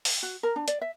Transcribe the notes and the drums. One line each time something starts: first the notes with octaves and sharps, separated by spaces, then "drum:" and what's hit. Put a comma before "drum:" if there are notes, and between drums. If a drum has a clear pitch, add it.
drum: open hi-hat
F#4
A#4
D4
D5, drum: hi-hat
E5